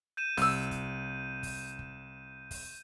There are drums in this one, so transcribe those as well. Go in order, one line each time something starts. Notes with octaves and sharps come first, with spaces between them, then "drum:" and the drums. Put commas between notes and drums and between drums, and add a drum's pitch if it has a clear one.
G6 D#7 E7
C2 E6 F6, drum: kick, open hi-hat
drum: kick, hi-hat
drum: kick, open hi-hat
drum: kick
drum: kick, open hi-hat